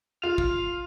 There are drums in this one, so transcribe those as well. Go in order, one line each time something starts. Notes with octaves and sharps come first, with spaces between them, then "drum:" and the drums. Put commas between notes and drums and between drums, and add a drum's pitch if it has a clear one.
F4 F5
drum: kick